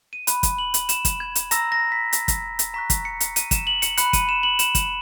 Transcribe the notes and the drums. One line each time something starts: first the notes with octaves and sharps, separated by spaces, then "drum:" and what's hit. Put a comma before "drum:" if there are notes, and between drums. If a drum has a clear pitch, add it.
D#7
B5 F#6, drum: hi-hat
drum: kick, hi-hat
F#7
drum: hi-hat
E7, drum: hi-hat
drum: kick, hi-hat
G#6
drum: hi-hat
A#5 E6 A#6, drum: hi-hat
A#6
B6
drum: hi-hat
drum: kick, hi-hat
drum: hi-hat
A#5 C#6 F#6 B6
drum: kick, hi-hat
C#7
drum: hi-hat
D#7, drum: hi-hat
E7, drum: kick, hi-hat
F#7
C#7, drum: hi-hat
B5 F#6 C#7, drum: hi-hat
D#7, drum: kick, hi-hat
E7
F#7
E7, drum: hi-hat
drum: kick, hi-hat